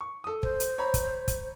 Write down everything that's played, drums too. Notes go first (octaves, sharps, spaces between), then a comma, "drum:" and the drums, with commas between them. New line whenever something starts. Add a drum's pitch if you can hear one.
C#6
A4 D#6
C5, drum: kick
drum: hi-hat
C#5 A#5 B5
drum: kick, hi-hat
drum: kick, hi-hat